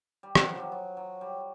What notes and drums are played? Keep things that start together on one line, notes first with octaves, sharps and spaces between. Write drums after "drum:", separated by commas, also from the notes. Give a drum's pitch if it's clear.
G3
F#3, drum: rim click
F3
F#3 G3
F#3
F#3
G3